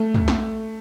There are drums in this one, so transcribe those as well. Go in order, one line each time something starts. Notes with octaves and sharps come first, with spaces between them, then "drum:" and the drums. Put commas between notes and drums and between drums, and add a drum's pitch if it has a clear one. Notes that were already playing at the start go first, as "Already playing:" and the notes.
Already playing: A3
drum: tom
drum: snare